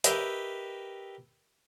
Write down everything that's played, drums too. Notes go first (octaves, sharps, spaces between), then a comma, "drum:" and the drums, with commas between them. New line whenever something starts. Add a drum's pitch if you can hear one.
G4 A#4 B4 D#5 E5 G5, drum: hi-hat